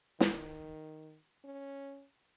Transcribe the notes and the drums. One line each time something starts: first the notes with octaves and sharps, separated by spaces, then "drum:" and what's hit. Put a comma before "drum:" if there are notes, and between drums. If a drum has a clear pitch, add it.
D#3, drum: snare
C#4